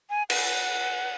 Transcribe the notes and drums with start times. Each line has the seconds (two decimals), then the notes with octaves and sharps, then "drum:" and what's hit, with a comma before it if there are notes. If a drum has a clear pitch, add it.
0.10 G#5
0.30 F#5, drum: cymbal